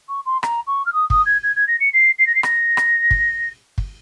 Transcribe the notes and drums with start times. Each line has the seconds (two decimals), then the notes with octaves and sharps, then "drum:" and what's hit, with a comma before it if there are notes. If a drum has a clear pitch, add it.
0.09 C#6
0.26 C6
0.43 A#5, drum: rim click
0.67 C#6
0.86 F6
0.93 D#6
1.10 D#6, drum: kick
1.26 G#6
1.43 G#6
1.56 G#6
1.68 A#6
1.80 C#7
1.93 C7
2.19 C7
2.27 A#6
2.35 C7
2.43 A#6, drum: rim click
2.77 drum: rim click
3.11 drum: kick
3.78 drum: kick